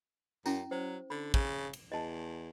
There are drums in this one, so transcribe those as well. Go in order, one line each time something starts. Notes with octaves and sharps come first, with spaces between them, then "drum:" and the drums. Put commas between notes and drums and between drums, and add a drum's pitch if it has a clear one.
F#2 C#4 E4 A#5, drum: tambourine
F#3 C5
D3 B5
C#3, drum: kick
drum: cymbal
E2 D#5 A5